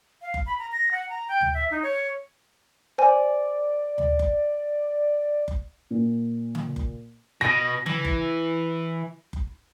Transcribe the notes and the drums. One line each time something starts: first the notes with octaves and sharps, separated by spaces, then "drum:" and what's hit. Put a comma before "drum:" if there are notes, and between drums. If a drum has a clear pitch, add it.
F5
drum: kick F#1
B5
A#5
A#6
F#5
A#5
G5
drum: tom D2
E5
D#4
C#5
C5 D5 G#5
drum: tom D2
drum: kick F#1
drum: kick F#1
A#2
drum: tom C#3
drum: kick F#1
B2 A#6
E3, drum: tom C#3
drum: kick F#1
drum: kick F#1